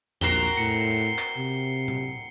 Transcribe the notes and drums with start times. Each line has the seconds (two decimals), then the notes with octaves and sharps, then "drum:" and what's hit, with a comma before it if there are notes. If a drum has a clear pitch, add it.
0.21 A#1 C4 F#4 A#4 C7 G7, drum: tom E2
0.57 A2 C#7
1.18 drum: clap
1.37 C3
1.88 drum: tom A#2